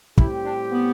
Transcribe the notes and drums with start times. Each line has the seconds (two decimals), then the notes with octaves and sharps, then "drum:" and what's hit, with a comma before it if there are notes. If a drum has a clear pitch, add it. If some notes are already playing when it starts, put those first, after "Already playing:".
0.18 A2 G3 C4 E4 G4, drum: kick
0.45 D4
0.72 B3